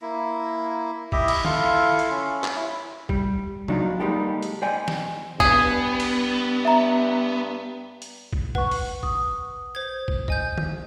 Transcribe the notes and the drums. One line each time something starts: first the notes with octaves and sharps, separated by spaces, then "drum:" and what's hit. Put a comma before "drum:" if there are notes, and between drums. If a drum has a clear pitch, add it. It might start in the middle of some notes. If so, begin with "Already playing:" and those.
A#3 E4
E4 G4 D#5 E5, drum: kick
drum: cymbal
E4 F4 A4 F5, drum: tom
drum: hi-hat
C#4
drum: clap
E4
G3, drum: kick
F#3 D4 D#4 F4, drum: tom C3
G3 G#3 A#3 D#4 G4 A4
drum: hi-hat
C5 D5 D#5 G5 G#5
drum: snare
G2 B3 G#4, drum: kick
drum: cymbal
E5 A#5
drum: hi-hat
drum: kick
B4 F#5 C#6, drum: kick
drum: open hi-hat
D#6, drum: kick
C5 G#6
drum: kick
D#5 G#5 G6, drum: kick
drum: tom